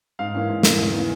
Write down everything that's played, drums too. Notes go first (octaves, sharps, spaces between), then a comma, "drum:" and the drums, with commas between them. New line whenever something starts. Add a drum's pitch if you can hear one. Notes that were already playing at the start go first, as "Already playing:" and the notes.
G#2 F5
E3 A#3 C#4
G#2
E3 A#3 C#4, drum: snare
E2
C#3 E3